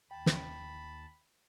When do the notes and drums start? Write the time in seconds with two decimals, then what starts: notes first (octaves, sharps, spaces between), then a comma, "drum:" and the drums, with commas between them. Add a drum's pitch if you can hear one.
0.11 D#2 G5 A5 B5
0.26 drum: snare